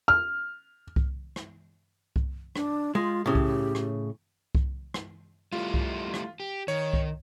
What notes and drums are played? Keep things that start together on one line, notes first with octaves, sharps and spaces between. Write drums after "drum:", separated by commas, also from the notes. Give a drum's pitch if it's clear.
F6
drum: kick C2
drum: rim click
drum: kick C2
D4, drum: rim click
G#3 F4
A2 C#3 G4
drum: kick C2
drum: rim click
drum: kick C2
drum: rim click
G3 A3 E4 F4
drum: kick C2
drum: rim click
G4
D#3 C#5
drum: kick C2